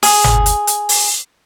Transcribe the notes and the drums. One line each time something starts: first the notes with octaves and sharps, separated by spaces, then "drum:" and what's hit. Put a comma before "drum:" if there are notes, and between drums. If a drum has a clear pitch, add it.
G#4, drum: open hi-hat
drum: tom G1
drum: hi-hat
drum: hi-hat
drum: open hi-hat